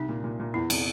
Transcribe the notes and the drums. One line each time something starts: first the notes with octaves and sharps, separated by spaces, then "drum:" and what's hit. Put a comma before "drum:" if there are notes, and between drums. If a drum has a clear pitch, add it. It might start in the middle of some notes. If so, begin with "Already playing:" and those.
Already playing: C2 D#4
A#2
A#2
A#2
E2 E4
C3, drum: cymbal